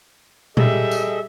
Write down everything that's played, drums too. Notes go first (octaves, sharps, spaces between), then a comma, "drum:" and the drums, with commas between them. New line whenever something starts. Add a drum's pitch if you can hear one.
G3 G#4 A4 D#5 E5, drum: tom A#2
drum: tambourine